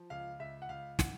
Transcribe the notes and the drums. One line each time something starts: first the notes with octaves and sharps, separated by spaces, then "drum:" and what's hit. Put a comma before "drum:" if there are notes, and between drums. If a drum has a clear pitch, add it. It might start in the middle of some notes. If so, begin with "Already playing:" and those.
Already playing: F3
C#2 F5
C#2 E5
F#5
C#2 F5
F#5, drum: snare